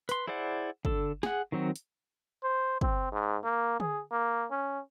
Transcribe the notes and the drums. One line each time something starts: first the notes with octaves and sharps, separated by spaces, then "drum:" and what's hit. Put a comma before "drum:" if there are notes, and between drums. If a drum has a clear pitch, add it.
B4 C6, drum: hi-hat
E4 G#4 C5 D5 F#5
D3 A4, drum: kick
G#4 F#5, drum: snare
D#3 F#3 C4 F#4
drum: hi-hat
C5
C4, drum: kick
G#2
A#3
G#4, drum: tom D3
A#3
C#4